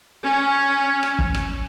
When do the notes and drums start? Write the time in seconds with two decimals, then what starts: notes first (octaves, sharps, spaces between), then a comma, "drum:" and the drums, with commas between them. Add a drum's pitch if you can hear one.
0.24 C#4
1.03 drum: rim click
1.19 drum: kick
1.34 drum: rim click